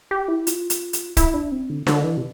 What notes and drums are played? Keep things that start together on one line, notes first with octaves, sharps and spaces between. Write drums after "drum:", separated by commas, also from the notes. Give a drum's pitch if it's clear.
G4
E4
F4, drum: hi-hat
drum: hi-hat
drum: hi-hat
E4, drum: kick, hi-hat
D4
C4
D3
D3, drum: snare D4
E3
C3